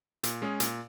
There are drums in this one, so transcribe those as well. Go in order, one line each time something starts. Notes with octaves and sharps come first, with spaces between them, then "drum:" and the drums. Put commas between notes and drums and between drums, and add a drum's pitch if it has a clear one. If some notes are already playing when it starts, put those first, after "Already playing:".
A#2, drum: hi-hat
G#3 C#4 G#4
A#2, drum: hi-hat